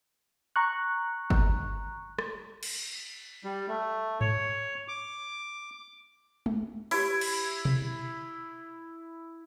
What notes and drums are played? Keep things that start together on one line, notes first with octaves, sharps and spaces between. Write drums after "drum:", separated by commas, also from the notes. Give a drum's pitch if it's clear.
A#5 C#6 F#6
drum: kick G1
drum: rim click
drum: cymbal
G3
A3
C#5, drum: tom G#2
D6
drum: tom G#3
E4 G4 B4, drum: open hi-hat
drum: cymbal
drum: tom B2